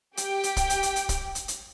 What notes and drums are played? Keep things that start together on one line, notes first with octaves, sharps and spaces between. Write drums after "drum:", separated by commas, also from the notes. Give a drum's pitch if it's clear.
G4 G5, drum: hi-hat
drum: hi-hat
drum: kick, hi-hat
drum: hi-hat
drum: hi-hat
drum: hi-hat
drum: kick, hi-hat
drum: hi-hat
drum: hi-hat